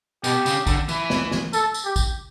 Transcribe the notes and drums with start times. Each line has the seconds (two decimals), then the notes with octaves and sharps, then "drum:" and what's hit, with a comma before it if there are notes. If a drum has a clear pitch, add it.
0.24 B2 G4, drum: tambourine
0.46 C#3, drum: tambourine
0.67 D3, drum: kick, tambourine
0.89 E3, drum: tambourine
1.10 drum: snare
1.31 drum: snare
1.53 A4, drum: tambourine
1.74 drum: tambourine
1.85 G4
1.96 drum: kick, tambourine